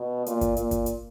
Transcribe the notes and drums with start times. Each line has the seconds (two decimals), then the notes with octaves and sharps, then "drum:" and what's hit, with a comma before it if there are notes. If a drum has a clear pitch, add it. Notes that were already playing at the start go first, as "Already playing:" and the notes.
Already playing: B2
0.26 A#2, drum: hi-hat
0.41 drum: kick G1, hi-hat
0.57 A#2, drum: hi-hat
0.71 drum: kick G1, hi-hat
0.86 drum: hi-hat